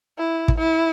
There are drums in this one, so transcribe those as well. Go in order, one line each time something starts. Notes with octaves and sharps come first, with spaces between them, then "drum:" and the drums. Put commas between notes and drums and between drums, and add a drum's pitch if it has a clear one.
E4
drum: kick
E4